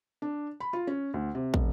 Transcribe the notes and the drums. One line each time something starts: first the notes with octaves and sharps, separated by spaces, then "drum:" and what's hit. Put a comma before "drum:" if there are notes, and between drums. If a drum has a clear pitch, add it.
D4
B5
F4
C#4
D2
C3
E1, drum: kick